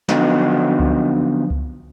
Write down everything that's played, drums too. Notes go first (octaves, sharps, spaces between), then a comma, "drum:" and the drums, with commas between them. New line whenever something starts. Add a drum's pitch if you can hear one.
D3 F3 F#3 B3 C4 D#4, drum: snare
drum: kick C#2
drum: kick C#2